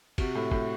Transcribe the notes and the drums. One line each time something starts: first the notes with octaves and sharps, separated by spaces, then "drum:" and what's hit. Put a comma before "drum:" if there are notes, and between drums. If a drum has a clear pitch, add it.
C3 F#4, drum: kick, cymbal
A2
A2, drum: kick